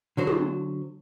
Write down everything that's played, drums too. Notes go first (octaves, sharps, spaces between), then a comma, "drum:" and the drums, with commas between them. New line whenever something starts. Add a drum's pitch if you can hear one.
D3 F#3 C5
drum: tom